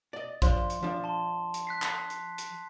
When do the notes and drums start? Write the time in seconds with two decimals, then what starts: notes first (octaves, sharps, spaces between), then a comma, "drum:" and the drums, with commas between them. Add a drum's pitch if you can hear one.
0.13 D5 D#5
0.42 F3 D4 C6, drum: kick, hi-hat
0.70 drum: hi-hat
0.83 F3 D4
1.04 A5 C6
1.54 drum: hi-hat
1.67 F#6 B6 C7
1.82 drum: clap
2.10 drum: hi-hat
2.38 drum: hi-hat